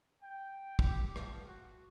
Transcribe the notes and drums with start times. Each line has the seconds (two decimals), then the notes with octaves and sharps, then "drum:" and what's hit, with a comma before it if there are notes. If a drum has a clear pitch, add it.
0.22 G5
0.79 G4, drum: kick
1.16 F3, drum: rim click
1.47 F#4